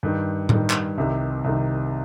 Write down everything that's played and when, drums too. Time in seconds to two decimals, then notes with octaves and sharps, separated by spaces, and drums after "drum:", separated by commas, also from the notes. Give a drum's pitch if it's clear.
0.03 G2 D#3
0.49 G2 D#3, drum: tom A2
0.70 drum: clap
0.98 C2 C3 D#3
1.44 C2 C3 D#3